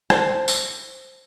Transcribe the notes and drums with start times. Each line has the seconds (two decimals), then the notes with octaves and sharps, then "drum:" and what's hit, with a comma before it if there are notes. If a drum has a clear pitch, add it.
0.10 C5 A5, drum: rim click
0.48 drum: tambourine